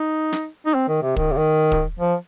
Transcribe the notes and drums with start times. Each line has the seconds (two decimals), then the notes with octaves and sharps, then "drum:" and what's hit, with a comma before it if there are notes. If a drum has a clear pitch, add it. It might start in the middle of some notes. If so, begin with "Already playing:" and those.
Already playing: D#4
0.32 drum: snare
0.66 D#4
0.74 C4
0.88 D#3
1.02 C3
1.16 D#3, drum: kick
1.32 C3
1.37 D#3
1.72 drum: kick
1.99 F3